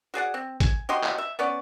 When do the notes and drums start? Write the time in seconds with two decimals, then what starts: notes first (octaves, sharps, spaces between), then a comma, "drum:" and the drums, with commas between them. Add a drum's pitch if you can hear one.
0.14 F#4 G#4 D5 F#5
0.34 C4
0.60 G#5, drum: kick A1, hi-hat
0.89 F#3 G4 D#5 C6
1.04 drum: clap
1.18 E5
1.39 B3 C#4 D5